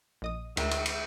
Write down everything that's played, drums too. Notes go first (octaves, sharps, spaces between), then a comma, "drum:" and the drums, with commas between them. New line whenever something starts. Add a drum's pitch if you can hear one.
A#1 D#5 D#6
D2 G#3 D4 A#4 E5 G5, drum: cymbal
drum: cymbal
drum: cymbal